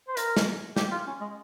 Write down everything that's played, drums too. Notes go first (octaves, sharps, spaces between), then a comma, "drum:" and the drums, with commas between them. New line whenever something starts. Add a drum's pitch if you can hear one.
C5
A#4, drum: hi-hat
drum: snare
G4, drum: snare
F4
C#4
G#3